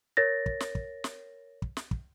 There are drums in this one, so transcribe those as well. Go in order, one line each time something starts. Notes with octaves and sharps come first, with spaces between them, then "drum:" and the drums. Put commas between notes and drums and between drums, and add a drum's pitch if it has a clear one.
A#4 C#5 A6 A#6
drum: kick
drum: snare
drum: kick
drum: snare
drum: kick
drum: snare
drum: kick